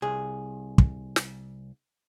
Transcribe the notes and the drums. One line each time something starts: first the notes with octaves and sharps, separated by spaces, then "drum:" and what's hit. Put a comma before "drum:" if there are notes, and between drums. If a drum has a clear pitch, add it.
C2 G#4
drum: kick
drum: snare